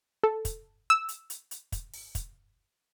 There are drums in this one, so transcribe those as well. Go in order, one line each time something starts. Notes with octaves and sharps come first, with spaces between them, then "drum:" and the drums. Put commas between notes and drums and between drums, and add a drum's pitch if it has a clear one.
A4
drum: kick, hi-hat
E6
drum: hi-hat
drum: hi-hat
drum: hi-hat
drum: kick, hi-hat
drum: open hi-hat
drum: kick, hi-hat